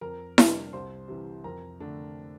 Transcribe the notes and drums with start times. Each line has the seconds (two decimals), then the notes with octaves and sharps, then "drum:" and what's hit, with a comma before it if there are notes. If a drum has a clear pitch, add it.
0.01 F2 A#4 A#5
0.38 C3 G3 D4, drum: snare E4
0.73 C2 C5 C6
1.08 C3 E3
1.44 F2 A#4 A#5
1.80 D3 A3 D4